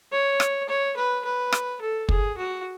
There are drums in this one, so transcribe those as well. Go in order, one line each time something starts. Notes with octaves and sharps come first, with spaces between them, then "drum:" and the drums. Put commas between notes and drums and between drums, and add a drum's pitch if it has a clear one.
C#5
drum: rim click
C#5
B4
B4
drum: rim click
A4
G#4, drum: kick
F#4